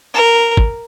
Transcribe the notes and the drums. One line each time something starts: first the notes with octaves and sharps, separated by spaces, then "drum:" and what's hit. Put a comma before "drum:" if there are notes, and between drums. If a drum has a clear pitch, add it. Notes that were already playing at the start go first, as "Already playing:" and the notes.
A#4
drum: kick